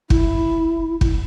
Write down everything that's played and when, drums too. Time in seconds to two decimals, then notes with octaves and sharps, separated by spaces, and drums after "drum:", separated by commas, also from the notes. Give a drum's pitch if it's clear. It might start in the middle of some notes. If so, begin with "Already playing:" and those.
0.10 E4, drum: kick
1.01 drum: kick